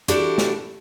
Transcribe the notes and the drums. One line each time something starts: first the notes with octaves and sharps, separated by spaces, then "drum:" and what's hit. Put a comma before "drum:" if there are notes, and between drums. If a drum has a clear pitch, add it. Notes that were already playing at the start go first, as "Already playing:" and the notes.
D4 E4 F#4 G4 A4, drum: hi-hat
drum: snare